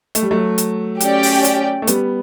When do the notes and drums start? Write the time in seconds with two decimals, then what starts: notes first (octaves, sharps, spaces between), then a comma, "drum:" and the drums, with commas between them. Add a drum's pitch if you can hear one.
0.15 A3, drum: hi-hat
0.22 G3
0.31 F#3 A3
0.58 drum: hi-hat
1.01 C#4 G4 D5 G5, drum: hi-hat
1.23 drum: open hi-hat
1.45 drum: hi-hat
1.82 A3
1.87 G3 B3, drum: hi-hat